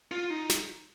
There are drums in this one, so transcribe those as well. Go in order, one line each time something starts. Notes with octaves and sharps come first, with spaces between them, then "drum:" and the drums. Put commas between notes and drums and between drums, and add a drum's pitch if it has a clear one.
F4
D#4
drum: snare